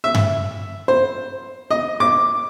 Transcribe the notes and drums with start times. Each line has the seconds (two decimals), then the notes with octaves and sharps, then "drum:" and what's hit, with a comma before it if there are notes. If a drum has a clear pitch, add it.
0.04 E5
0.15 drum: tom G2
0.88 C5
1.71 D#5
2.00 D6